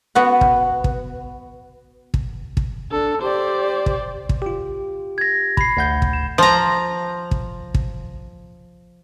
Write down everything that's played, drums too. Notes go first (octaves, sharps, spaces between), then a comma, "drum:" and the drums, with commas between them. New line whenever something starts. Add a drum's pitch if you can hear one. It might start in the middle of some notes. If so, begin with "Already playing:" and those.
B3 F#4 F#5
drum: kick
drum: kick
drum: kick
drum: kick
D4 A4
G4 C5 D5
drum: kick
drum: kick
F4 G4
G#6 A#6
B5 C7, drum: kick
D2 F#5 G6
drum: kick
E7
F3 A#5
drum: kick
drum: kick